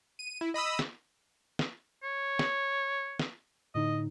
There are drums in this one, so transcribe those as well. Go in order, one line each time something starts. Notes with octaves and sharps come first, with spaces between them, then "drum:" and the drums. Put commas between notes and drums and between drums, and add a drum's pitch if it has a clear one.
D#7
E4
D#5 B5 D#6 E6
drum: snare
drum: snare
C#5
drum: snare
drum: snare
A2 D3 D#4 D#5